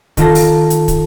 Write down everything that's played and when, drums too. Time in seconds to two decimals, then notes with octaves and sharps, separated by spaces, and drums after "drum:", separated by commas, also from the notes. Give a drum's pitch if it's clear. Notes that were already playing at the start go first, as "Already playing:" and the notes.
0.17 D#3 F4 A4 A#6, drum: kick, hi-hat
0.35 drum: open hi-hat
0.70 drum: hi-hat
0.88 drum: kick, hi-hat